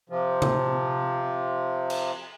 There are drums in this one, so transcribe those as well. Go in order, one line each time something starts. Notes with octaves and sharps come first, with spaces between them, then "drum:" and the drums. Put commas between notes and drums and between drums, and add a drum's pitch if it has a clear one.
C3 F3
drum: tom C3
drum: cymbal